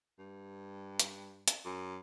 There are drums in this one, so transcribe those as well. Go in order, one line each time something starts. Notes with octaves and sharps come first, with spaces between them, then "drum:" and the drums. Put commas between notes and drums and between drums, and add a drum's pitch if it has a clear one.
G2
drum: hi-hat
drum: hi-hat
F#2